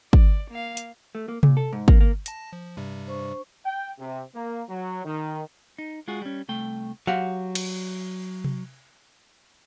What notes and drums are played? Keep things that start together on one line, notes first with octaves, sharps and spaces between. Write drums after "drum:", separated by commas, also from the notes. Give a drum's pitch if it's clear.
D5, drum: kick
A#3 F5
drum: hi-hat
A3
A#3
A#2, drum: tom C3
A4
G#2
A#3, drum: kick
A#3
A5 A#6, drum: hi-hat
F3
G2 C3 G3
D4 C5 C#6
G5
C3
A#3
F#3
D#3
D#4
G#3 F4 F#4 G#4
G3 C#4
C2 A3 G5
F#3 G4 F5 F#5
drum: cymbal
drum: tom C3